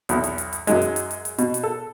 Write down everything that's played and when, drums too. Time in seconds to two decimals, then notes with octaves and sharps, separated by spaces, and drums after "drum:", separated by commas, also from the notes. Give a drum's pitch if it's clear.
0.09 B1 E2, drum: hi-hat
0.24 drum: hi-hat
0.38 drum: hi-hat
0.53 drum: hi-hat
0.67 F#2 F#3 G#3, drum: hi-hat
0.82 drum: hi-hat
0.96 drum: hi-hat
1.11 drum: hi-hat
1.25 drum: hi-hat
1.38 B2, drum: hi-hat
1.54 drum: hi-hat
1.63 A4